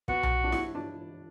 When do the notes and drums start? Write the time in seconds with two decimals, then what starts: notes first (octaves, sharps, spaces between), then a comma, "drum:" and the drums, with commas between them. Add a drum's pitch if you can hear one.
0.08 B3 F#4, drum: kick
0.23 drum: tom B1
0.44 D4
0.52 E4, drum: snare
0.75 D4